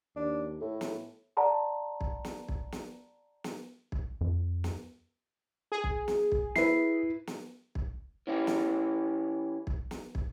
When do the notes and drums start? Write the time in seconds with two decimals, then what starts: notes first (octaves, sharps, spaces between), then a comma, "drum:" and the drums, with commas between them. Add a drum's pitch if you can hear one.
0.16 D#2 D4
0.61 A2 A4
0.81 drum: snare
1.37 D5 F#5 A5 A#5 C6
2.01 drum: kick
2.24 drum: snare
2.48 drum: kick
2.72 drum: snare
3.44 drum: snare
3.92 drum: kick
4.21 F2
4.64 drum: snare
5.72 G#4
5.84 drum: kick
6.08 drum: snare
6.32 drum: kick
6.56 E4 B4 C7, drum: snare
7.27 drum: snare
7.75 drum: kick
8.27 E3 C#4 E4 G4
8.47 drum: snare
9.67 drum: kick
9.91 drum: snare
10.15 drum: kick